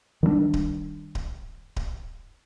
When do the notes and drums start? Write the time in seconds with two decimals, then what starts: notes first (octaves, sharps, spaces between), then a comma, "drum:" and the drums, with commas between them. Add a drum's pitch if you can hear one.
0.23 D#3 G3 A3 D4
0.54 drum: kick D1
1.15 drum: kick D1
1.76 drum: kick D1